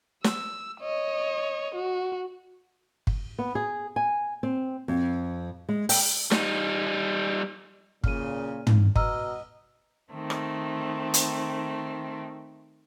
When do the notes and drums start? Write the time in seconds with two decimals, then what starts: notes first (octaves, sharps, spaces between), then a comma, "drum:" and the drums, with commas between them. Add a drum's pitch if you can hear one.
0.24 E6, drum: snare
0.81 C#5 D#5
1.75 F#4
3.07 drum: kick
3.39 B3
3.55 G#4
3.96 G#5
4.43 C4
4.88 F2
5.69 G#3
5.89 G5, drum: open hi-hat
6.31 G3 D#4, drum: snare
8.04 A#2 C#3 F6 D#7, drum: kick
8.67 drum: tom
8.96 B2 D#5 A#5 E6 F6, drum: kick
10.12 D#3 A3 C4
10.30 drum: rim click
11.14 drum: hi-hat